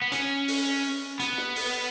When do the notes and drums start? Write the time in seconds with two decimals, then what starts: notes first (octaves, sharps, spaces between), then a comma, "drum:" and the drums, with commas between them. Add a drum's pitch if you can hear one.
0.02 B3
0.12 C#4, drum: hi-hat
0.48 drum: open hi-hat
1.20 B3, drum: hi-hat
1.38 drum: snare
1.56 drum: open hi-hat